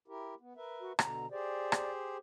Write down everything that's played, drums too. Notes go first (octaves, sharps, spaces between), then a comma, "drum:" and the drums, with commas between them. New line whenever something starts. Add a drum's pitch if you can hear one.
E4 G4 A#4
B3
A#4 B4 E5
F#4
B2 D3 A#5, drum: rim click
G4 G#4 C5 D5
drum: rim click